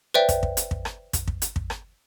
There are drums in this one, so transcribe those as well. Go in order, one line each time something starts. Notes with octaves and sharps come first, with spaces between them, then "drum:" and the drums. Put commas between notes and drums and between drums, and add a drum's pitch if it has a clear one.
B4 C5 D5 E5 G5
drum: kick, hi-hat
drum: kick
drum: hi-hat
drum: kick
drum: rim click
drum: kick, hi-hat
drum: kick
drum: hi-hat
drum: kick
drum: rim click